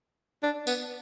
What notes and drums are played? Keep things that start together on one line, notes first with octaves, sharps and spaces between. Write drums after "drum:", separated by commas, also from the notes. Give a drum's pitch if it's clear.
D4
B3, drum: tambourine